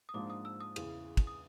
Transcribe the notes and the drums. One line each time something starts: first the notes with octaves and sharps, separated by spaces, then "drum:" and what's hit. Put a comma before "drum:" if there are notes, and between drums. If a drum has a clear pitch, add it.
D#6
G#2 F3 A#3 D4 F4 D6
D#6
E6
D#6
E2 C#3 E3, drum: cymbal
drum: kick, cymbal
D#6